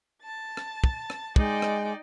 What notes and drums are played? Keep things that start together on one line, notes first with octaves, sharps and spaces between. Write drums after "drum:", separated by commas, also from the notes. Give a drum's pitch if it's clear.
A5 A6
drum: rim click
drum: kick
drum: rim click
G#3 D#4 D5 G5, drum: kick
drum: rim click